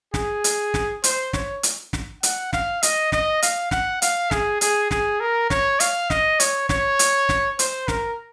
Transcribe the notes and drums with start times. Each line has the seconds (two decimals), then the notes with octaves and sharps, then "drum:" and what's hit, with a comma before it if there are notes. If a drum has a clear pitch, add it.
0.14 G#4, drum: snare
0.44 drum: hi-hat
0.74 drum: snare
1.04 C5, drum: hi-hat
1.33 C#5, drum: snare
1.63 drum: hi-hat
1.93 drum: snare
2.23 F#5, drum: hi-hat
2.53 F5, drum: snare
2.83 D#5, drum: hi-hat
3.12 D#5, drum: snare
3.42 F5, drum: hi-hat
3.71 F#5, drum: snare
4.02 F5, drum: hi-hat
4.31 G#4, drum: snare
4.61 G#4, drum: hi-hat
4.91 G#4, drum: snare
5.20 A#4
5.50 C#5, drum: snare
5.80 F5, drum: hi-hat
6.10 D#5, drum: snare
6.40 C#5, drum: hi-hat
6.69 C#5, drum: snare
6.99 drum: hi-hat
7.29 drum: snare
7.59 C5, drum: hi-hat
7.88 A#4, drum: snare